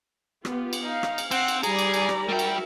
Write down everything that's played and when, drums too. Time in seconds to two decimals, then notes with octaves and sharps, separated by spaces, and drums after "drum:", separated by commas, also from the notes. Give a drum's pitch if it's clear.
0.45 B3 F4 G4, drum: rim click
0.73 drum: cymbal
0.83 D#4 F5
1.03 drum: rim click
1.18 drum: cymbal
1.31 C4 F#5, drum: cymbal
1.48 drum: cymbal
1.63 G3 G#4 D5 A#5 B5, drum: cymbal
1.79 drum: cymbal
1.94 drum: cymbal
2.09 drum: rim click
2.29 G3 F#4 A#4 E5 G5
2.39 drum: cymbal